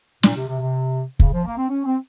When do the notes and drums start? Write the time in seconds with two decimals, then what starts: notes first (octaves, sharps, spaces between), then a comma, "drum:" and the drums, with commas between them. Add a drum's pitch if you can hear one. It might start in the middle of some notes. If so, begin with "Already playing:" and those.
0.23 A#2, drum: snare
0.35 C3
0.47 C3
0.60 C3
1.20 C#3, drum: kick
1.33 F3
1.45 A#3
1.57 C4
1.69 C#4
1.84 C4